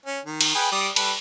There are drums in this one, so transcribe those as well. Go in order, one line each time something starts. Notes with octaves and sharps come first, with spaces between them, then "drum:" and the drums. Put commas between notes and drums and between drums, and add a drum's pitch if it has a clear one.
C#4
D#3
drum: cymbal
G#4 B4 G5
G3 D5 D#6
G3 A4 B4, drum: cymbal